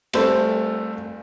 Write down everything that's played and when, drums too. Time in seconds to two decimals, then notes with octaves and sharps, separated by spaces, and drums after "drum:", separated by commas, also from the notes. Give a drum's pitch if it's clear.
0.13 G3 A3 C4 A4 C5, drum: cymbal